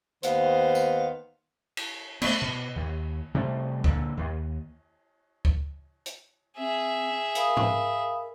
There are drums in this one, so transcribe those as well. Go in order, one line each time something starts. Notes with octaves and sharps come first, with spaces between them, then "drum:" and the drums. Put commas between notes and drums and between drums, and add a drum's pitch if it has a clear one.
D#2 D#3 B3 C5 F5, drum: hi-hat
drum: tambourine
drum: cymbal
A3 B3, drum: cymbal
B2
D#2
C3 G3 A3
A#2 D3, drum: kick
D#2
drum: kick
drum: hi-hat
C4 G#4 E5
A#4 F5 B5 D#6, drum: hi-hat
drum: tom G#2